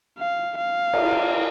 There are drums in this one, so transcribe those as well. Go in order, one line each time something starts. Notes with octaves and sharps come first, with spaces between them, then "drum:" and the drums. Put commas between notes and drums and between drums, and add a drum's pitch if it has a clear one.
F5
F5
drum: cymbal